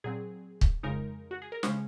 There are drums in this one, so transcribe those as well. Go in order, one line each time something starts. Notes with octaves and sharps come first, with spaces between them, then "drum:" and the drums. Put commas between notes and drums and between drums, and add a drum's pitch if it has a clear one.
A#2 F#3 C4 G#4
drum: kick
F2 C#3 G#3 D#4 A#4
F#4
G#4
A#4
C#3 G#3 C#4 C5, drum: snare